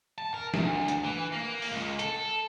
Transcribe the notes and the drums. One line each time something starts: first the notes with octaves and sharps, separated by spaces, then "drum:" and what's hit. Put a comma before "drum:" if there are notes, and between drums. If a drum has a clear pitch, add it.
A5
A#4
D2, drum: snare
drum: hi-hat
E3
A#3
drum: open hi-hat
C#2
A4, drum: hi-hat